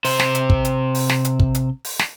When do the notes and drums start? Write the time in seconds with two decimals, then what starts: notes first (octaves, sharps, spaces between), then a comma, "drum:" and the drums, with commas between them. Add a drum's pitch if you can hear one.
0.05 C3 C5, drum: open hi-hat
0.20 drum: snare
0.35 drum: hi-hat
0.50 drum: kick
0.65 drum: hi-hat
0.95 drum: open hi-hat
1.10 drum: snare
1.25 drum: hi-hat
1.40 drum: kick
1.55 drum: hi-hat
1.85 drum: open hi-hat
2.00 drum: snare